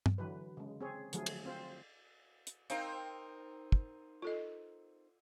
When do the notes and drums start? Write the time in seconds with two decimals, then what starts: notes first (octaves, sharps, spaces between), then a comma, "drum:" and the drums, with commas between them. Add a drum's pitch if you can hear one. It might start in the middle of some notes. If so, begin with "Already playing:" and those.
0.06 drum: tom G2
0.18 D3 E3 F#3 B4
0.57 C#3 G#3
0.81 C4 G#4 C#5
1.13 D3 F3 F#3 A3 G#4, drum: hi-hat
1.26 drum: cymbal
1.45 C4 F4 C5
2.47 drum: hi-hat
2.70 C4 D#4 A#4 F5, drum: hi-hat
3.72 drum: kick
4.22 F4 A4 D#5